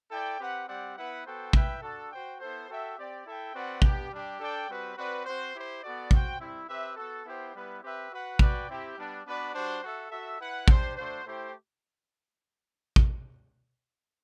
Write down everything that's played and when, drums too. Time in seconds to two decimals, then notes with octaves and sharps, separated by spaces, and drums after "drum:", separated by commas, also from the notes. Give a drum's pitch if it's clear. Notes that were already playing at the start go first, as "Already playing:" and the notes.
0.11 E4 A4 D5 G5
0.39 C4 G4 B4 F#5
0.67 G3 C4 G4 D5 F#5
0.96 B3 E4 B4 F#5
1.25 B3 F#4 A4 C5 G5
1.53 E4 B4 E5 G5, drum: kick A1
1.82 D4 F#4 A4
2.11 F#4 C5 G5
2.39 B3 E4 A4 C5
2.68 F#4 A4 E5 G5
2.96 C4 G4 D5 G5
3.25 E4 A4 E5 G5
3.54 C4 F#4 B4 D5 F#5
3.82 B3 D4 G4, drum: kick A1
4.11 G3 D4 G4
4.40 D4 A4 D5 G5
4.68 G3 C4 F#4 B4
4.97 C4 F#4 B4 D5
5.25 C4 F#4 C5
5.54 E4 G4 C5
5.83 B3 F#4 A4 D5
6.11 F#4 C5 G5, drum: kick A1
6.39 G3 C4 E4
6.68 C4 G4 B4 E5
6.96 B3 F#4 A4
7.25 B3 E4 G4 C5 G5
7.53 G3 B3 E4 B4
7.82 C4 G4 B4 E5 G5
8.10 F#4 B4 F#5
8.39 F#4 B4 D5 G5, drum: kick A1
8.68 C4 E4 G4
8.96 G3 B3 D4
9.25 B3 D4 F#4 B4 D5
9.53 G3 D4 F#4 C5
9.82 F#4 A4 E5
10.11 F#4 A4 E5
10.39 E4 B4 F#5
10.68 D4 G4 C5, drum: kick A1
10.96 A3 D4 F#4 C5
11.24 A3 E4 G4 C5 G5
12.96 drum: kick A1